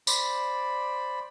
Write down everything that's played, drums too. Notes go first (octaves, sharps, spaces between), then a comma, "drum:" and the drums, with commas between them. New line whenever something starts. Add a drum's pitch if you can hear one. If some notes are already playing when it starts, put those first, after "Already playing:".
C5 D5 B5, drum: tambourine